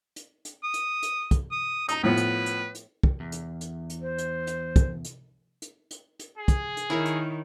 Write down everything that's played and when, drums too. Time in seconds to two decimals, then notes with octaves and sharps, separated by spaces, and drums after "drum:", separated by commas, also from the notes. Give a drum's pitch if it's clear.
0.16 drum: hi-hat
0.45 drum: hi-hat
0.63 D#6
0.74 drum: hi-hat
1.02 drum: hi-hat
1.31 drum: kick, hi-hat
1.51 D#6
1.89 D#4 A#5 D#6, drum: hi-hat
2.04 A2 F3 B3 B4
2.17 drum: hi-hat
2.46 drum: hi-hat
2.75 drum: hi-hat
3.04 drum: kick
3.20 E2
3.32 drum: hi-hat
3.61 drum: hi-hat
3.90 drum: hi-hat
4.02 C5
4.18 drum: hi-hat
4.47 drum: hi-hat
4.76 drum: kick, hi-hat
5.05 drum: hi-hat
5.62 drum: hi-hat
5.91 drum: hi-hat
6.19 drum: hi-hat
6.38 G#4
6.48 drum: kick, hi-hat
6.77 drum: hi-hat
6.90 D#3 E4 A#4 C#5
7.06 drum: hi-hat